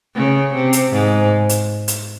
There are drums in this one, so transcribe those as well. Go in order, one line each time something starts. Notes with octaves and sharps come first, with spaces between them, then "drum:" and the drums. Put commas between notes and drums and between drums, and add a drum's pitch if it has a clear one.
C#3
C3
drum: hi-hat
G#2
drum: hi-hat
drum: hi-hat